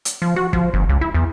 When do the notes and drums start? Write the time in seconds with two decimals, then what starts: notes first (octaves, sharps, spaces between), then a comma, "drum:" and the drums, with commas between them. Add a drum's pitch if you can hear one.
0.05 drum: hi-hat
0.22 F3
0.36 F#4
0.53 F3, drum: kick
0.74 G1
0.89 C#2
1.01 E4
1.14 E2